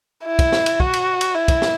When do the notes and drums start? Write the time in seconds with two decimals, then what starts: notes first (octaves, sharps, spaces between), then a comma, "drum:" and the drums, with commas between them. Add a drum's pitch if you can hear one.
0.25 E4
0.39 drum: kick, cymbal
0.52 drum: snare
0.66 drum: cymbal
0.80 F#4, drum: kick
0.94 drum: cymbal
1.21 drum: cymbal
1.35 E4
1.48 drum: kick, cymbal
1.62 drum: snare